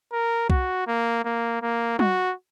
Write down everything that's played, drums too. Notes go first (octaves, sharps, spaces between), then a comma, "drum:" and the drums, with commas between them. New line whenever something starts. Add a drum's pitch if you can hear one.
A#4
F#4, drum: kick C2
A#3
A#3
A#3
F#4, drum: tom